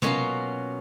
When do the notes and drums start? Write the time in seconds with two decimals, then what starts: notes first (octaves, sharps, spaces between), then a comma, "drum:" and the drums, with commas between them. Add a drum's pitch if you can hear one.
0.02 B2 F#3 A#3 C#4 F4, drum: tom C3